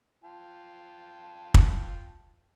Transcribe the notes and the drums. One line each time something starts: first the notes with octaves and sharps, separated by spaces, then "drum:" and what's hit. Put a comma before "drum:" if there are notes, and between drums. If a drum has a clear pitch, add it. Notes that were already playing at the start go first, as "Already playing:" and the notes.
F4 G5 A5
drum: kick